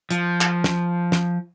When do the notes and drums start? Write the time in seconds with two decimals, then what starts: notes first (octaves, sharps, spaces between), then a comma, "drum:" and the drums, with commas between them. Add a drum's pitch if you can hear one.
0.11 F3, drum: hi-hat
0.41 drum: clap
0.64 drum: snare
1.12 drum: snare